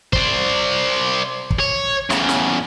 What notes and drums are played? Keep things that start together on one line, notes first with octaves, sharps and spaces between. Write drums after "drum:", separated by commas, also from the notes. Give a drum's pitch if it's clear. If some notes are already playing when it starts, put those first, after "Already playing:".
C5 D5, drum: kick
drum: kick
C#5
E2 C#3, drum: snare
drum: snare